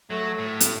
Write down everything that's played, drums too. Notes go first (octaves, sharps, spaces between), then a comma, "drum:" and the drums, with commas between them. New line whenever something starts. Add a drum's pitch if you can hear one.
F#3 A3
A2
drum: hi-hat